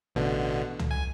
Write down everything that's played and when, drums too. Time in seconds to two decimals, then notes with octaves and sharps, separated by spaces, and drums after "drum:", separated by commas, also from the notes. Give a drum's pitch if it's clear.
0.15 A1 B2 D3
0.79 drum: tom
0.91 G#5